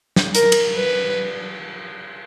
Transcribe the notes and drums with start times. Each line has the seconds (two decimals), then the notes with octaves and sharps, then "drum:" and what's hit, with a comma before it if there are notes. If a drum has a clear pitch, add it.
0.16 drum: snare
0.35 A#4, drum: hi-hat
0.52 drum: cymbal
0.76 B4